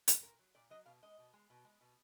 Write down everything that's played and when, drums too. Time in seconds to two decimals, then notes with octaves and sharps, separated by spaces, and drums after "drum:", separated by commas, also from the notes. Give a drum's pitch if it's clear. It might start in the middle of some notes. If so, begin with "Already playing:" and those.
0.08 drum: hi-hat
0.23 A#2 A#4
0.39 F#3
0.55 A#2 D5
0.70 F#3 D#5
0.86 B2 F5
1.03 G#3 D#5
1.18 B2
1.33 G#3
1.50 B2
1.65 G#3
1.81 B2